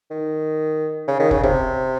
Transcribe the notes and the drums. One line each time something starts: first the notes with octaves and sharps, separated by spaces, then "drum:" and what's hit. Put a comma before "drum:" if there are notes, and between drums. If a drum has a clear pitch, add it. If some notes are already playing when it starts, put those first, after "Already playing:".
D#3
C#3
D#3
C#3, drum: kick
C3, drum: kick